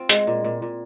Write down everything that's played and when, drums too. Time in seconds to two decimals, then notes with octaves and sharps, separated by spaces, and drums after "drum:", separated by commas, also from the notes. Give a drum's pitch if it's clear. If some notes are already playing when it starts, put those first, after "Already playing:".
Already playing: C4 F4
0.09 G#3, drum: hi-hat
0.27 A#2
0.44 A#2
0.62 A#2